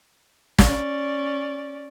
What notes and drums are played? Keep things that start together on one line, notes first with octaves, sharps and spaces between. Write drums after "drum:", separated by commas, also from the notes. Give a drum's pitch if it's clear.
C#4 D5, drum: snare